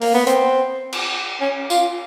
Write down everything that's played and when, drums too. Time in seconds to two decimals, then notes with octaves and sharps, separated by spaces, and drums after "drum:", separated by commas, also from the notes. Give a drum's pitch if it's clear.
0.01 A#3, drum: open hi-hat
0.14 B3
0.27 C4, drum: hi-hat
0.92 drum: cymbal
1.41 C#4
1.70 F4, drum: tambourine